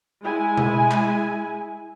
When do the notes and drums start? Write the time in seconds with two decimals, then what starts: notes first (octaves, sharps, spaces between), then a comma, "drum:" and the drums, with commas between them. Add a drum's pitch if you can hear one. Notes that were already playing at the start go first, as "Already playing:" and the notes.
0.23 G#3 E4 G#5
0.57 drum: tom B2
0.91 drum: clap